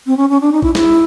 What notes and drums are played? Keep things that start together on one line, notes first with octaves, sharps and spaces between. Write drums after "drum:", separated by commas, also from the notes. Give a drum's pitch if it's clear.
C4
C#4
C#4
D4
D#4
E4, drum: kick
E4, drum: snare